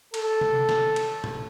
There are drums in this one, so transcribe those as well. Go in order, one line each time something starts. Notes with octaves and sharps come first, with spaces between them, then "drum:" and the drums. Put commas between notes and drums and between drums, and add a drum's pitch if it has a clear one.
A4, drum: cymbal
drum: tom C3
drum: snare
drum: cymbal
drum: tom